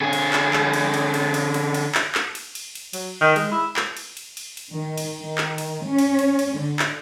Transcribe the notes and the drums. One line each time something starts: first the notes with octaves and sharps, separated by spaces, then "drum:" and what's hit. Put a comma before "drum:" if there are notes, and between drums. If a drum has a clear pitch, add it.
D3 G#4
drum: cymbal
drum: clap
drum: clap
drum: cymbal
drum: cymbal
drum: cymbal
drum: cymbal
drum: cymbal
drum: cymbal
drum: clap
drum: clap
drum: cymbal
drum: cymbal
drum: cymbal
F#3, drum: cymbal
D#3
G#3, drum: cymbal
E4
drum: clap
drum: cymbal
drum: cymbal
drum: cymbal
drum: cymbal
D#3
drum: cymbal
D#3
drum: clap
drum: cymbal
C#4
drum: cymbal
drum: cymbal
drum: cymbal
D3
drum: clap